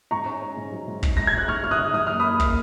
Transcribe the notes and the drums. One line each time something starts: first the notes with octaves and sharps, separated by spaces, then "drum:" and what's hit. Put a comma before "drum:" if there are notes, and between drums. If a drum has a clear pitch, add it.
G#2 A#5 C#6
C#4
C#4
G#2
F#3
G#2
G#2, drum: kick
G#2 A#6
G#6
G#2 F#6
G#2 C#6 F6
G#2 F6
D#6 F#6
G#2
F#2 D#6
A#3 F6
A#3 B5 D#6
A#3, drum: kick